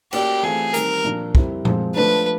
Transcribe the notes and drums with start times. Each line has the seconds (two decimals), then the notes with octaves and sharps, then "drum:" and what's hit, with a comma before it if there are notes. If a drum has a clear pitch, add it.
0.13 A#3 C#4 F#4 G4 A#4 D5, drum: cymbal
0.43 E3 A3 C4 F4 G#4
0.74 D#3 G3 C4 A#4, drum: hi-hat
1.04 A#2 F3 A#3 D4 F4
1.35 G3 C4 E4, drum: kick
1.65 F3 G#3 C4, drum: tom A#2
1.96 F3 A3 D4 B4